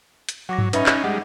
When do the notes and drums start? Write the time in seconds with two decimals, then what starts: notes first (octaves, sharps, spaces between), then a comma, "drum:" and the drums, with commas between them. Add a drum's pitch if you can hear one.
0.29 drum: hi-hat
0.49 F#3 F#5 D6 A#6
0.58 drum: tom G2
0.73 C#4 D#4 B4 E5 B5, drum: hi-hat
0.86 F#7, drum: clap
1.04 G3 G#3 F#5